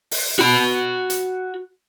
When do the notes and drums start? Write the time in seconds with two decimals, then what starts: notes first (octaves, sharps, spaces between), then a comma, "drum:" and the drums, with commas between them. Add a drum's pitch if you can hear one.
0.11 drum: open hi-hat
0.39 F#4 B5
1.10 drum: hi-hat